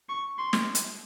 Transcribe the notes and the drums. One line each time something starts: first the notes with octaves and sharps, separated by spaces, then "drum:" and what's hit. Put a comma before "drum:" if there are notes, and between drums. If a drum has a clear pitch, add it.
C#6
C6
drum: snare
drum: hi-hat